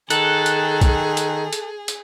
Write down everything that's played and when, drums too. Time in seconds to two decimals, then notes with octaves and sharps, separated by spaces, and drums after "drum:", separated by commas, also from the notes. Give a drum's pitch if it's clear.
0.10 D#3 G#4 A4 F#6, drum: hi-hat
0.46 drum: hi-hat
0.81 drum: kick B1, hi-hat
1.17 drum: hi-hat
1.53 drum: hi-hat
1.88 drum: hi-hat